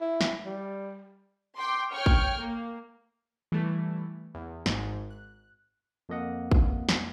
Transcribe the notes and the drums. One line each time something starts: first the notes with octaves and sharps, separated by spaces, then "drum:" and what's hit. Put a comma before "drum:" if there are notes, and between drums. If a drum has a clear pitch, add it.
E4
drum: snare
G3
G5 C6 D6
C#5 G5 C#6 F6
drum: kick
A#3
E3 G3 A3
E2
G#1 G#2, drum: snare
F#6
F2 A#3 D#5 F#5
drum: kick
drum: snare